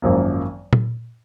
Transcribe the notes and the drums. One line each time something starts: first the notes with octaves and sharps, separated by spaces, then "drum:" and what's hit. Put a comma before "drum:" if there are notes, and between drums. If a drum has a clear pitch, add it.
G#1 F#2 F3 A#3
drum: tom A#2